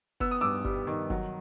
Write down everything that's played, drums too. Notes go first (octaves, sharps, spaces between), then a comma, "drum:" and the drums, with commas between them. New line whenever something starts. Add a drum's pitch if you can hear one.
B3 E6, drum: kick F#1
D#6
G2 D6 E6
G3, drum: kick F#1
D#3
F#3, drum: kick F#1